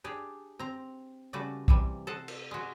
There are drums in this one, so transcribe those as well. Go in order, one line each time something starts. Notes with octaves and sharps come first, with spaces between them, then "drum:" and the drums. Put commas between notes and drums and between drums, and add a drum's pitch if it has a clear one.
D4 G4 G#4
C4 A#5
C#3 G3 A3 F#4 B4 D5
C3 E3 G3, drum: kick
A4 C5 D#5 F#5
drum: cymbal
G#3 F#4